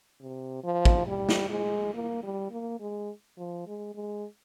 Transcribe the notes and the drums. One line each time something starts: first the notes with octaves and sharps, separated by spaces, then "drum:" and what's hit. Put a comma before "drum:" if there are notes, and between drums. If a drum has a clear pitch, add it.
C3
F3
drum: kick
G3
drum: snare
G#3
A#3
G3
A#3
G#3
F3
G#3
G#3